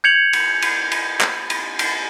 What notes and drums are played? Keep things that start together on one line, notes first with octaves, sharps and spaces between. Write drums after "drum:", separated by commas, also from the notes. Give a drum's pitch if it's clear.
G6 G#6 C#7 F7 F#7
drum: cymbal
drum: cymbal
drum: cymbal
drum: clap
drum: cymbal
drum: cymbal